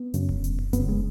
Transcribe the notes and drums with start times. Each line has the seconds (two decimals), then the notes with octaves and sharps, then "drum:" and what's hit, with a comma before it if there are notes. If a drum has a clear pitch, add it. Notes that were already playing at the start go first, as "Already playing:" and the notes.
Already playing: B3
0.14 F#2 C#3, drum: hi-hat
0.29 drum: kick E1
0.44 drum: hi-hat
0.59 drum: tom F2
0.73 F#2 C#3 B3, drum: kick E1, hi-hat
0.89 G#3